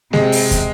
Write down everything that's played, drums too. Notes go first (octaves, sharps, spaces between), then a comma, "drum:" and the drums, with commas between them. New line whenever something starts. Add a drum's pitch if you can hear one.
C3 G#3, drum: snare G#3
drum: open hi-hat
drum: kick, hi-hat